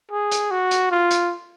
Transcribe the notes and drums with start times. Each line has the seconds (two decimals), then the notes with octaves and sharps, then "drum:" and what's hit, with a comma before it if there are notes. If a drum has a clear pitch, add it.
0.11 G#4
0.32 drum: hi-hat
0.51 F#4
0.71 drum: hi-hat
0.91 F4
1.11 drum: hi-hat